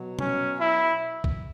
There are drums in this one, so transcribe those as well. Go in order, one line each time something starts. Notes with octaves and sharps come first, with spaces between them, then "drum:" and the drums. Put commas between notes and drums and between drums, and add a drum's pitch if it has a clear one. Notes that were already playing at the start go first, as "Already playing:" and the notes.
Already playing: B2 F#3
C#4, drum: tom
E4
drum: kick